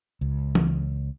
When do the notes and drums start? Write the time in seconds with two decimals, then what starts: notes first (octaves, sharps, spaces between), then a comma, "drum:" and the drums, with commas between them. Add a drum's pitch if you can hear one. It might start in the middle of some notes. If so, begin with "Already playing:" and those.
0.21 C#2
0.55 drum: tom E3